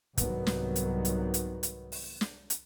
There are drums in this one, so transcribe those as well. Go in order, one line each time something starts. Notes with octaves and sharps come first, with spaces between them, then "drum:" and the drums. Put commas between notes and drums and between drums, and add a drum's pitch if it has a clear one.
C2 G#2 D#3 F#3 B3, drum: kick, hi-hat
drum: snare
drum: hi-hat
drum: hi-hat
drum: hi-hat
drum: hi-hat
drum: open hi-hat
drum: snare
drum: hi-hat